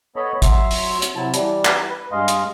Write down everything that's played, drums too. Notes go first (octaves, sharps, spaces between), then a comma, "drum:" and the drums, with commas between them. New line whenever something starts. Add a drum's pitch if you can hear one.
B3 A4 C#5 D#5 B5
F#3 E5 C6, drum: kick, hi-hat
drum: open hi-hat
drum: hi-hat
C3 F#3 E4 A5
E3 G3, drum: hi-hat
drum: clap
B4
G2 G#3 D#5 F5 C6
drum: hi-hat